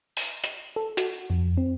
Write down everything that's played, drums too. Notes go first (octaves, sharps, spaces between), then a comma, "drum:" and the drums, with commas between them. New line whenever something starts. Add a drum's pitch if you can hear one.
drum: open hi-hat
drum: hi-hat
A4
F#4, drum: hi-hat
F2
C4